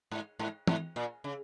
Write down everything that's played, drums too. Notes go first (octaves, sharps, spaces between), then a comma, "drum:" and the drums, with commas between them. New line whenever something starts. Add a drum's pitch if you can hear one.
G#2
G#2
G#2, drum: tom
A#2
C#3